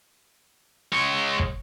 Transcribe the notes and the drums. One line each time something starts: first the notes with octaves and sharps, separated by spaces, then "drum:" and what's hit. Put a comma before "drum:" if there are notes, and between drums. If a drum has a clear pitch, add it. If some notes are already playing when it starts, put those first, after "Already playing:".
G#3 C#5
drum: kick